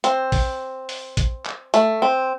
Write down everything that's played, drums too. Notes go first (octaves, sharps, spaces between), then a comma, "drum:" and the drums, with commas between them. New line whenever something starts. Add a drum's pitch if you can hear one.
C4, drum: hi-hat
drum: kick, open hi-hat
drum: open hi-hat
drum: kick, hi-hat
drum: clap
A3, drum: hi-hat
C4